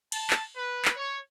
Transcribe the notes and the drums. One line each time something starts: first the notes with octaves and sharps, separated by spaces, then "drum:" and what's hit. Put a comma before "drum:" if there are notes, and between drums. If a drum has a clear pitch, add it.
A5, drum: cymbal
drum: clap
B4
drum: clap
C#5